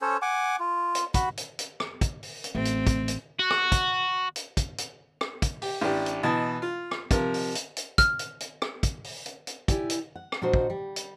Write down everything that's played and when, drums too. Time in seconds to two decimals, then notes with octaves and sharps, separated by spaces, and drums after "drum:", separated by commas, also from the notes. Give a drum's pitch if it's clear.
0.02 C#4 A4 C5 C#5
0.22 F#5 G#5 D6
0.60 F4
0.95 drum: hi-hat
1.14 F#4 B5, drum: kick, hi-hat
1.37 drum: hi-hat
1.59 drum: hi-hat
1.80 drum: rim click
2.01 drum: kick, hi-hat
2.23 drum: open hi-hat
2.44 drum: hi-hat
2.55 A1 A3 C4
2.65 drum: hi-hat
2.87 drum: kick, hi-hat
3.08 drum: hi-hat
3.39 F#4
3.50 drum: rim click
3.72 drum: kick, hi-hat
4.36 drum: hi-hat
4.57 drum: kick, hi-hat
4.78 drum: hi-hat
5.21 drum: rim click
5.42 drum: kick, hi-hat
5.62 G4, drum: open hi-hat
5.81 A1 D4 G4
6.06 drum: hi-hat
6.23 B2 E3 D#5 A5
6.62 F4
6.91 drum: rim click
7.11 C3 F3 A#4, drum: kick, hi-hat
7.34 drum: open hi-hat
7.55 drum: hi-hat
7.77 drum: hi-hat
7.98 F6, drum: kick, hi-hat
8.19 drum: hi-hat
8.40 drum: hi-hat
8.62 drum: rim click
8.83 drum: kick, hi-hat
9.04 drum: open hi-hat
9.26 drum: hi-hat
9.47 drum: hi-hat
9.68 E4 G4 D5 G#5, drum: kick, hi-hat
9.90 drum: hi-hat
10.15 F#5
10.32 drum: rim click
10.42 A#2 D4 F#4 C5 D#5 F#5
10.54 drum: kick
10.70 G3
10.96 drum: hi-hat